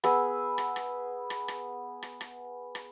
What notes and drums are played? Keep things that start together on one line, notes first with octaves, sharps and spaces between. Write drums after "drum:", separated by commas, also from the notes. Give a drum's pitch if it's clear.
B3 G#4 E6, drum: rim click
drum: rim click
drum: rim click
drum: rim click
drum: rim click
drum: rim click
drum: rim click
drum: rim click